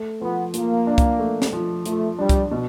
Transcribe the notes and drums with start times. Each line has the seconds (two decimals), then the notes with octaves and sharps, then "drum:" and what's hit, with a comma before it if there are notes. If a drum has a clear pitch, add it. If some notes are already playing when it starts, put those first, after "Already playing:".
Already playing: A3
0.21 F3 B3
0.54 F3 A#3, drum: hi-hat
0.87 D4
0.98 drum: kick C2, hi-hat
1.19 A3
1.42 drum: snare
1.53 F3
1.86 F3 A3, drum: hi-hat
2.18 G3 D4
2.29 drum: kick C2, hi-hat
2.51 B2